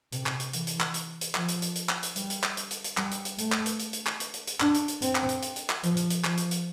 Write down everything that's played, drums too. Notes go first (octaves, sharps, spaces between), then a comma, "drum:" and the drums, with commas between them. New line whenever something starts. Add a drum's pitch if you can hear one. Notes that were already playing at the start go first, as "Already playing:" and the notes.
C3, drum: hi-hat
drum: clap
drum: hi-hat
E3, drum: hi-hat
drum: hi-hat
drum: clap
drum: hi-hat
drum: hi-hat
F3, drum: clap
drum: hi-hat
drum: hi-hat
drum: hi-hat
drum: clap
drum: hi-hat
G3, drum: hi-hat
drum: hi-hat
drum: clap
drum: hi-hat
drum: hi-hat
drum: hi-hat
G3, drum: clap
drum: hi-hat
drum: hi-hat
A3, drum: hi-hat
drum: clap
drum: hi-hat
drum: hi-hat
drum: hi-hat
drum: clap
drum: hi-hat
drum: hi-hat
drum: hi-hat
D4, drum: clap
drum: hi-hat
drum: hi-hat
C4, drum: hi-hat
drum: clap
drum: hi-hat
drum: hi-hat
drum: hi-hat
drum: clap
F3, drum: hi-hat
drum: hi-hat
drum: hi-hat
F3, drum: clap
drum: hi-hat
drum: hi-hat